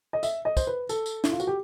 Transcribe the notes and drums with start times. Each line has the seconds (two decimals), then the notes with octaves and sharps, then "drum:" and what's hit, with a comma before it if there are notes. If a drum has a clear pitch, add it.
0.13 D#5
0.23 E5, drum: tambourine
0.45 D#5
0.57 C5, drum: kick, tambourine
0.67 B4
0.89 A4, drum: tambourine
1.06 drum: tambourine
1.24 E4, drum: snare
1.32 F4
1.40 F#4, drum: tambourine
1.47 G4